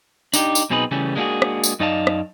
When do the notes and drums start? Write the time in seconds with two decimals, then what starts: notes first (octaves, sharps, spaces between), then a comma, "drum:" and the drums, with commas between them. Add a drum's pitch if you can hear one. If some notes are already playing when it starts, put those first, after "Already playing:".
0.34 D4 D#4 G4, drum: tambourine
0.55 drum: tambourine
0.70 B1 B2 C4 D#4 G#4 B4
0.91 C#3 E3 G3 A3 C#4
1.16 G#3 A#3 D4 F4 F#4 G#4
1.42 drum: rim click
1.64 drum: tambourine
1.80 F#2 D#4 D5 D#5 F5 A5
2.07 drum: rim click